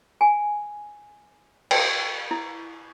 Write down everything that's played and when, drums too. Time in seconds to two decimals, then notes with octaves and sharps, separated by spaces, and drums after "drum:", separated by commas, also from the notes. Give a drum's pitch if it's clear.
0.21 G#5
1.71 G5, drum: cymbal
2.31 E4